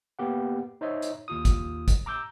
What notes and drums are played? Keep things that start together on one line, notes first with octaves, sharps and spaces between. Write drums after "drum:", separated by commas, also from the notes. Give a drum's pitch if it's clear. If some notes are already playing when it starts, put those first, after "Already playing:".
A#3 B3 G4 F#5
D#4 C5 C#5 D#5 E5
drum: hi-hat
D#2 F4 D#6
drum: kick, hi-hat
drum: kick, hi-hat
A#5 D6 E6 G6